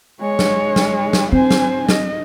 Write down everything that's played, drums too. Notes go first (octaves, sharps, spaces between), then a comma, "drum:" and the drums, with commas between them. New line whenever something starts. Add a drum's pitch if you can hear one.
G#3 C#5
drum: snare
drum: snare
drum: snare
C4 C5 G#5
drum: snare
D#5, drum: snare